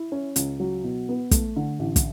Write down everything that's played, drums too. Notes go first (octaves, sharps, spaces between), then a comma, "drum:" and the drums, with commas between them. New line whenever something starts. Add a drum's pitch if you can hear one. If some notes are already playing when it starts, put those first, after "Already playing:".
Already playing: E4
C#4
C#2, drum: hi-hat
F#3
B2
B3
A3, drum: kick, hi-hat
D3
A1
drum: kick, hi-hat